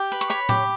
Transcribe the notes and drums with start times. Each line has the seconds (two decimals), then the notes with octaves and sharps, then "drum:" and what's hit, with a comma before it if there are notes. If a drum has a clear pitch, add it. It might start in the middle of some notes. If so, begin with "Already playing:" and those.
Already playing: G4
0.12 B4
0.21 C#6
0.30 C#5 B5
0.49 G4, drum: tom A2